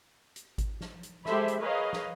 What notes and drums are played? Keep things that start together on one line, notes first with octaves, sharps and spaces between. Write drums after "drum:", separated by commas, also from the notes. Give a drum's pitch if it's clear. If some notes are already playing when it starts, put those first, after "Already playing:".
drum: hi-hat
drum: kick G#1, hi-hat
drum: snare
drum: hi-hat
G#3 G4 A4 C5 E5 B5, drum: snare
drum: hi-hat
G#4 A#4 B4 C#5 D#5 F5
drum: snare